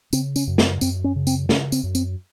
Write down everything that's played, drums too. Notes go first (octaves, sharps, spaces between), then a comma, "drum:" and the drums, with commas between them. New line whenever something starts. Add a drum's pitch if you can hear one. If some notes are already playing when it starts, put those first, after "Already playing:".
C#3 C4, drum: tambourine
C#4, drum: tambourine
F#2
C4, drum: snare
F#2 C4, drum: tambourine
C#4
C#3
C4, drum: tambourine
C#3 C#4, drum: snare
C4, drum: tambourine
F#2
C4, drum: tambourine